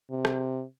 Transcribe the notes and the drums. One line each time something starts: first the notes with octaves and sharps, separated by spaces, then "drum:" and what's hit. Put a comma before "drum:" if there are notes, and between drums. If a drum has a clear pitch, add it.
C3
drum: rim click